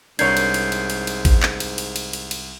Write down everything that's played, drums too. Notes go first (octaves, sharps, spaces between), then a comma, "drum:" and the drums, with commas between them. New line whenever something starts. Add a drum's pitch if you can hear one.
C2 G#2 D4 A#4 C#5 G6 G#6 C7, drum: cymbal
drum: cymbal
drum: cymbal
drum: cymbal
drum: cymbal
drum: cymbal
drum: kick A1, cymbal
drum: clap
drum: cymbal
drum: cymbal
drum: cymbal
drum: cymbal
drum: cymbal